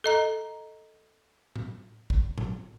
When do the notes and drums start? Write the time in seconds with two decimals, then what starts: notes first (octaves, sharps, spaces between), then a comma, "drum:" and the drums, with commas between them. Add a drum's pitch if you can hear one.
0.04 A4 D#5 A#5
1.56 drum: tom A2
2.10 drum: kick A1
2.38 drum: tom A2